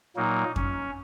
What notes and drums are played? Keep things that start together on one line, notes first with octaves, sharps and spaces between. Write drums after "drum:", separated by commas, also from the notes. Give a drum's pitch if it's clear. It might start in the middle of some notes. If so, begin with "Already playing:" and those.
A#2 F#3 A#3 D#4
C#4, drum: kick F2